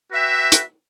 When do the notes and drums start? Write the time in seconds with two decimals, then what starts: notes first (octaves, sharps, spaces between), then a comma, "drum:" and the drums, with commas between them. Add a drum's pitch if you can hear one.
0.10 F#4 B4 E5 G5
0.52 drum: hi-hat